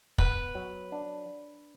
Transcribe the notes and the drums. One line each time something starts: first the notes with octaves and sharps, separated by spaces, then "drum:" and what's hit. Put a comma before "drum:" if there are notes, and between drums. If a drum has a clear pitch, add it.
B3 B4, drum: kick
F#3
D4